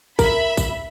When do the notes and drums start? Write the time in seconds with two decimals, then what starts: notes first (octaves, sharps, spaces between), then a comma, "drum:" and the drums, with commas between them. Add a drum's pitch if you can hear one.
0.19 A#4 E5 B5, drum: kick, tambourine
0.57 drum: kick, tambourine